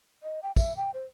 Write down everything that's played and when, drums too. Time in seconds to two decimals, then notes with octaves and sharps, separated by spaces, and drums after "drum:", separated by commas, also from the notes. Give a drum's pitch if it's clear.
0.23 D#5
0.43 G5
0.56 E5, drum: kick, tambourine
0.76 G5
0.94 C5